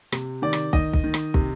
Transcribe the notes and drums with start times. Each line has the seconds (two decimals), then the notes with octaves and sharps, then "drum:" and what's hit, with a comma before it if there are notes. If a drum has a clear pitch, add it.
0.12 C3, drum: rim click
0.42 D#3 D5
0.53 drum: rim click
0.73 D#3 D#5, drum: kick
0.93 drum: kick
1.04 D#3
1.14 drum: rim click
1.34 C3, drum: kick